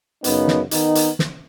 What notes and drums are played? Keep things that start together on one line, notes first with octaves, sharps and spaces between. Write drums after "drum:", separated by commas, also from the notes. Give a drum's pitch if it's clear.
F#2 C#3 B3 D#4, drum: hi-hat
drum: snare
D#3 B3 D#4, drum: hi-hat
drum: hi-hat
drum: snare